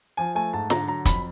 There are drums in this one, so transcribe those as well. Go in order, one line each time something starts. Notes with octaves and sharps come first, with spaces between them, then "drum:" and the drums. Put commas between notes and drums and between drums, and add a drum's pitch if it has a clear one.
F3 G#5
A3 G#5
G#2 A5
D3 A#5, drum: snare
F#3 A#5
F2 B5, drum: kick, hi-hat